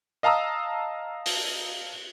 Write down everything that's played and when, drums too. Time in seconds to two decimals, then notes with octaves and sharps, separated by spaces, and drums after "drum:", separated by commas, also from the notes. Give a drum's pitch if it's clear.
0.23 D#5 F5 A5 A#5 D#6 E6
1.26 drum: open hi-hat